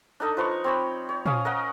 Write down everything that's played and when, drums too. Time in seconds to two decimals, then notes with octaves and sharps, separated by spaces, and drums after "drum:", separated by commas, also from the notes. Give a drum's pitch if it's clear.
0.20 D4 D#4 A4 D#5
0.37 F3 B4 A#5 C#6
0.64 C4 C#5 B5
1.09 C#5
1.26 C#4 F5 D#6, drum: tom A#2
1.45 A#4 D#5 F#5